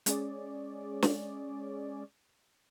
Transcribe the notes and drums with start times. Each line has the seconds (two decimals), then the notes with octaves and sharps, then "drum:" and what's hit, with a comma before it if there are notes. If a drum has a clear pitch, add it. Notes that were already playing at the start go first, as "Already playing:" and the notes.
0.06 G#3 C#4 G#4 D5, drum: hi-hat
1.02 drum: snare